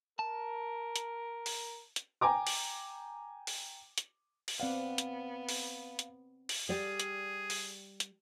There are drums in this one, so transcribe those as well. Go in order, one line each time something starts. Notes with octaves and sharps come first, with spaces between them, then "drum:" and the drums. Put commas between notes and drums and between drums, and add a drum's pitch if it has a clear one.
A#4 A5
drum: hi-hat
drum: open hi-hat
drum: hi-hat
G5 G#5 A#5 D6
drum: open hi-hat
drum: open hi-hat
drum: hi-hat
drum: open hi-hat
B3 C4 D5 F5 F#5
drum: hi-hat
drum: open hi-hat
drum: hi-hat
drum: open hi-hat
G3 G4 G#4 D5
drum: hi-hat
drum: open hi-hat
drum: hi-hat